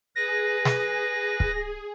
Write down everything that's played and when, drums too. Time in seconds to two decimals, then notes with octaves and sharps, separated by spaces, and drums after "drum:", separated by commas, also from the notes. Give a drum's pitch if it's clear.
0.16 G#4 B4 A#6
0.65 drum: snare
1.40 drum: kick